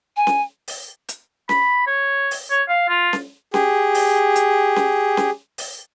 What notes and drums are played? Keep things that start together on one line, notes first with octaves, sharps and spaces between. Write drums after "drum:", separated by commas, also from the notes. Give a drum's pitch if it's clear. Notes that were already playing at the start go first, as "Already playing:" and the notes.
G#5
drum: snare C#4
drum: open hi-hat
drum: hi-hat
B5, drum: snare C#4
C#5
drum: open hi-hat
C#5
F5
F4
drum: snare C#4
G4 G#4, drum: snare C#4
drum: open hi-hat
drum: hi-hat
drum: snare C#4
drum: snare C#4
drum: open hi-hat